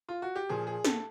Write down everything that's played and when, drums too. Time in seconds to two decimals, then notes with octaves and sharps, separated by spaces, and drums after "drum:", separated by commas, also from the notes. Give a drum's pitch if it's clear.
0.09 F4
0.22 F#4
0.36 G4
0.49 A#2 F3 G#4
0.67 G#4
0.85 A4, drum: snare